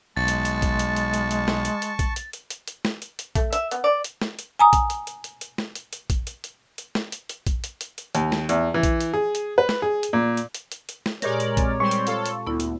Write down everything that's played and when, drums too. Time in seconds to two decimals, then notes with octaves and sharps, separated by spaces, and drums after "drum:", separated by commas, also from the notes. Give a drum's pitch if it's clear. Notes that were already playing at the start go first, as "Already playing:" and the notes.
0.17 B1 G#3 A5 C#6 A6
0.28 drum: hi-hat
0.45 drum: hi-hat
0.62 drum: kick A#1, hi-hat
0.79 drum: hi-hat
0.96 drum: hi-hat
1.14 drum: hi-hat
1.31 drum: hi-hat
1.48 drum: snare
1.65 drum: hi-hat
1.82 drum: hi-hat
1.99 drum: kick A#1, hi-hat
2.16 drum: hi-hat
2.33 drum: hi-hat
2.50 drum: hi-hat
2.68 drum: hi-hat
2.85 drum: snare
3.02 drum: hi-hat
3.19 drum: hi-hat
3.35 A3, drum: kick A#1, hi-hat
3.53 E5, drum: hi-hat
3.71 B3, drum: hi-hat
3.84 D5
4.04 drum: hi-hat
4.22 drum: snare
4.39 drum: hi-hat
4.59 G#5 A#5 D#6
4.73 drum: kick A#1, hi-hat
4.90 drum: hi-hat
5.07 drum: hi-hat
5.24 drum: hi-hat
5.41 drum: hi-hat
5.58 drum: snare
5.75 drum: hi-hat
5.93 drum: hi-hat
6.10 drum: kick A#1, hi-hat
6.27 drum: hi-hat
6.44 drum: hi-hat
6.78 drum: hi-hat
6.95 drum: snare
7.12 drum: hi-hat
7.29 drum: hi-hat
7.47 drum: kick A#1, hi-hat
7.64 drum: hi-hat
7.81 drum: hi-hat
7.98 drum: hi-hat
8.15 D#2, drum: hi-hat
8.32 drum: snare
8.49 E2, drum: hi-hat
8.74 E3
8.83 drum: kick A#1, hi-hat
9.01 drum: hi-hat
9.14 G#4
9.35 drum: hi-hat
9.58 B4
9.69 drum: snare
9.82 G#4
10.03 drum: hi-hat
10.13 A#2
10.37 drum: hi-hat
10.54 drum: hi-hat
10.72 drum: hi-hat
10.89 drum: hi-hat
11.06 drum: snare
11.22 A#2 G#3 G4 A#4 C#5 D5 A#6, drum: hi-hat
11.40 drum: hi-hat
11.57 C4, drum: kick A#1, hi-hat
11.80 G3 G#3 C4 C6 C#6
11.91 drum: hi-hat
12.07 F4 A4, drum: hi-hat
12.26 drum: hi-hat
12.47 D2 B3 E4
12.60 drum: hi-hat